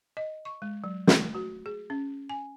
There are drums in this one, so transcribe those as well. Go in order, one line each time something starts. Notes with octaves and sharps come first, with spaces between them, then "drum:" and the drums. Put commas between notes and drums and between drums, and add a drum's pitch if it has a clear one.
D#5
C#6
G#3
F#3
A3, drum: snare
F#4
G#4
C#4
G#5